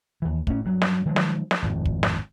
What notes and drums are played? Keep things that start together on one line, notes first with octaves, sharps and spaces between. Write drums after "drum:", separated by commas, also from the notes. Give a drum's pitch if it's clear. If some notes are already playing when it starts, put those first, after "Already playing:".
D#2 E3
A2 C#4, drum: kick
G2 F#3
drum: snare
D#3 F3 F#3 G#3
drum: snare
drum: snare
G#1 F2 A2
drum: kick
drum: snare